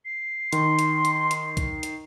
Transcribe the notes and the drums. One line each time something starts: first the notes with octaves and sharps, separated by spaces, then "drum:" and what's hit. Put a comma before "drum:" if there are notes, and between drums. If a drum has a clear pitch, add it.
C7
D#3 C6, drum: hi-hat
drum: hi-hat
drum: hi-hat
drum: hi-hat
drum: kick C2, hi-hat
drum: hi-hat